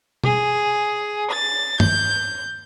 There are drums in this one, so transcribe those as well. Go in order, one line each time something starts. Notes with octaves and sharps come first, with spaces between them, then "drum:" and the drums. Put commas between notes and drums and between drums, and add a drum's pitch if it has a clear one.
G#4, drum: tom B2
A6
G6, drum: tom G2